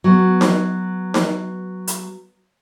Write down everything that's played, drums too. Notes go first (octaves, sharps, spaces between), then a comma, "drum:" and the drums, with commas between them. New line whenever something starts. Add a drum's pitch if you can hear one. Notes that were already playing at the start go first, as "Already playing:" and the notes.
F#3 B3
drum: snare D#4
drum: snare D#4
drum: hi-hat